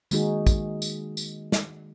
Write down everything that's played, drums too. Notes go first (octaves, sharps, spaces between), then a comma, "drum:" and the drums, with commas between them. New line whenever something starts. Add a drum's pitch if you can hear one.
D#3 G#3 A#3 D#4 F#4 G#4, drum: tambourine
drum: kick, tambourine
drum: tambourine
drum: tambourine
drum: snare